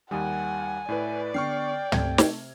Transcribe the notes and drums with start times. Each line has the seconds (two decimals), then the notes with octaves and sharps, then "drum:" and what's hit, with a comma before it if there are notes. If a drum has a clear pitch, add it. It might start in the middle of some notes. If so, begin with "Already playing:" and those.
0.11 D#2 D#3 G3 F#5 G#5 D#6
0.89 A2 E4 B4 D5
1.34 D3 B3 G5 C#6 F6 C7
1.92 C3 A3 G#6, drum: tom
2.18 drum: snare